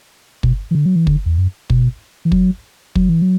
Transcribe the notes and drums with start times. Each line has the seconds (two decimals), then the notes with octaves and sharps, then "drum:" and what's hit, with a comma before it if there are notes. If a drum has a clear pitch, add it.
0.43 B2, drum: kick
0.71 E3
0.75 D3
0.86 F#3
0.96 E3
1.07 D3, drum: kick
1.26 E2
1.38 F#2
1.70 B2, drum: kick
2.25 E3
2.32 F#3, drum: kick
2.95 F#3, drum: kick
3.09 E3
3.22 F#3